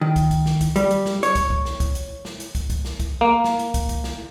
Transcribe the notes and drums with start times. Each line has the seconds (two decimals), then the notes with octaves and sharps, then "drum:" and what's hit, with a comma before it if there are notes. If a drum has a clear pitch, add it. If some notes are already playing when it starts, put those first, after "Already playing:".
0.01 D#3
0.16 drum: kick, hi-hat
0.31 drum: kick, hi-hat
0.46 drum: snare
0.61 drum: kick, hi-hat
0.76 G3, drum: hi-hat
0.91 drum: hi-hat
1.06 drum: snare
1.23 C#5, drum: hi-hat
1.35 drum: kick, hi-hat
1.50 drum: kick
1.65 drum: snare
1.80 drum: kick, hi-hat
1.95 drum: hi-hat
2.25 drum: snare
2.40 drum: hi-hat
2.55 drum: kick, hi-hat
2.70 drum: kick, hi-hat
2.85 drum: snare
3.00 drum: kick, hi-hat
3.21 A#3
3.44 drum: snare
3.59 drum: hi-hat
3.74 drum: kick, hi-hat
3.89 drum: kick, hi-hat
4.04 drum: snare